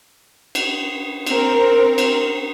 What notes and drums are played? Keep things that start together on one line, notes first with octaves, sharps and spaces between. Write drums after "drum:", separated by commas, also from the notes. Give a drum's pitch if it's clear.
drum: cymbal
C4 A#4, drum: cymbal
drum: cymbal